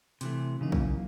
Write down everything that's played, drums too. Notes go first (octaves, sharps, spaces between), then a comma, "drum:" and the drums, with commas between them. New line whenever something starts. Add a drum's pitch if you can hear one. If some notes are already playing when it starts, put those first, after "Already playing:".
C3 E3 A3, drum: hi-hat
A#2 C#3 E3 F#3 A#3 D#4
drum: kick